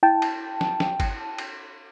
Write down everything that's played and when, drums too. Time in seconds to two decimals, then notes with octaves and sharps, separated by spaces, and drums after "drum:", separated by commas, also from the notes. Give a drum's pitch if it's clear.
0.03 E4 G5 A5
0.22 drum: cymbal
0.61 drum: snare
0.80 drum: snare
1.00 drum: kick G1, cymbal
1.38 drum: cymbal